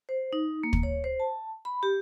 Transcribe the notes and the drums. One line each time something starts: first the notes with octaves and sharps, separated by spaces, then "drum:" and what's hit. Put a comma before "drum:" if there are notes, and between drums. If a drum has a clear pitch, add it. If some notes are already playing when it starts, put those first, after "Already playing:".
C5
D#4
A#3
drum: kick
C#5
C5
A5
B5
G4